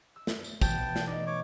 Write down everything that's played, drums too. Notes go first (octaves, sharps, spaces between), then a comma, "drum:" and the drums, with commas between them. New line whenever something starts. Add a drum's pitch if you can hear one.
E6
drum: snare
drum: tambourine
B2 E3 B3 G5 A5, drum: kick, tambourine
drum: snare
D#4 D5
C#5 D6